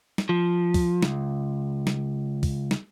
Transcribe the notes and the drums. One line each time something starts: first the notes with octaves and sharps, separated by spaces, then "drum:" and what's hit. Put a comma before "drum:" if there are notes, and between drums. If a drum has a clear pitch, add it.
drum: snare
F3
drum: kick, open hi-hat
C#2, drum: snare
drum: snare
drum: kick, open hi-hat
drum: snare